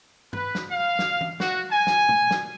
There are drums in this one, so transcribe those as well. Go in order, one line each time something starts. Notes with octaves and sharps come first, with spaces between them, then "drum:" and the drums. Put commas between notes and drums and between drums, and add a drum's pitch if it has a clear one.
B4, drum: tom G2
drum: snare
F5
drum: snare
drum: tom
F#4, drum: snare
G#5
drum: snare
drum: tom
drum: snare